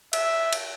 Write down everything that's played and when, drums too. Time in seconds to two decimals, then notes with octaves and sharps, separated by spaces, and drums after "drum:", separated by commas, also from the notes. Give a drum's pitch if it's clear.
0.13 E5, drum: cymbal
0.53 drum: cymbal